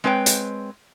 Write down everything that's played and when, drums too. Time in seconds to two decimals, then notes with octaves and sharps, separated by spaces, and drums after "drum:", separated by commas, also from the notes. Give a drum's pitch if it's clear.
0.04 G#3 C4 B4 C#5 G5
0.26 drum: hi-hat